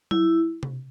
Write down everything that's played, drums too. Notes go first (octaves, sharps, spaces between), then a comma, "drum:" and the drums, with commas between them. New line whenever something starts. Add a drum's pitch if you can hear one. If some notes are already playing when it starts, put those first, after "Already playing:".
E4, drum: tom F#3
drum: tom C3